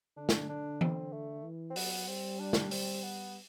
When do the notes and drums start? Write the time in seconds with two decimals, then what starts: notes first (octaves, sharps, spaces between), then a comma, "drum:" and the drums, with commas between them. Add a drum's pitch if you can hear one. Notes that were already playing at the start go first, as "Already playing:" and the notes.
0.17 D3 D4
0.29 drum: snare
0.49 D4
0.81 C4, drum: tom E3
1.13 A3
1.44 E3
1.70 C4
1.76 F#3 B3, drum: open hi-hat
2.08 G3 C4
2.39 D4
2.53 drum: snare
2.71 C4, drum: open hi-hat
3.03 B3